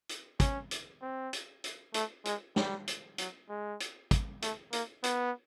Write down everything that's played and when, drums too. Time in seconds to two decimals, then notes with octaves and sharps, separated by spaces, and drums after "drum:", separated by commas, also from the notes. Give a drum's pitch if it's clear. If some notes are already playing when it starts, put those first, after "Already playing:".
0.09 drum: hi-hat
0.40 C#4, drum: kick, hi-hat
0.71 drum: hi-hat
1.02 C4
1.33 drum: hi-hat
1.64 drum: hi-hat
1.94 A3, drum: hi-hat
2.25 G#3, drum: hi-hat
2.56 G3, drum: snare
2.87 drum: hi-hat
3.18 F#3, drum: hi-hat
3.49 G#3
3.80 drum: hi-hat
4.11 drum: kick, hi-hat
4.42 A3, drum: hi-hat
4.73 A#3, drum: hi-hat
5.04 B3, drum: hi-hat